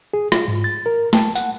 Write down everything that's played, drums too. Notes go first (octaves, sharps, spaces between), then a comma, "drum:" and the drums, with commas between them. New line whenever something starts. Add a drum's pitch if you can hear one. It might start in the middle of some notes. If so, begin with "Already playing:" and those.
G#4
F4, drum: rim click
G#2
A6
A#4
A5, drum: snare
F#5, drum: tambourine